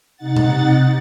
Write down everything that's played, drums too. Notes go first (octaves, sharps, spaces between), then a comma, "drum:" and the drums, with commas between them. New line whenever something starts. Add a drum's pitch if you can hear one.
C3 D#4 F#5 A6
drum: tom B2